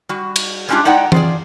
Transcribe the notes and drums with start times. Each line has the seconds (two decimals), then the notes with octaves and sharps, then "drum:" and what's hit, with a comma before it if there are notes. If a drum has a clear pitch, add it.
0.09 G3 F#4
0.36 drum: cymbal
0.69 G3 G#3 C#4 D4 F4 G4
0.85 G#3 D#4 E4 D5 F#5 G5
1.12 F4 G#4 D5, drum: tom E3